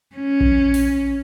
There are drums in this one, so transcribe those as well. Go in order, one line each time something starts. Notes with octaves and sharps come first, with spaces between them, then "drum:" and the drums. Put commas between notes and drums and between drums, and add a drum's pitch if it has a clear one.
C#4
drum: kick A#1
drum: open hi-hat